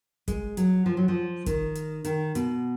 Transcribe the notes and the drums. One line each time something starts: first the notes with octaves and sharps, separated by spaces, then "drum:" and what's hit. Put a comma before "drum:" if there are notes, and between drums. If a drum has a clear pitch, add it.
G#3, drum: kick F#1, hi-hat
F#3, drum: hi-hat
F3
F#3
F3
D#3, drum: kick F#1, hi-hat
drum: hi-hat
D#3, drum: hi-hat
B2, drum: hi-hat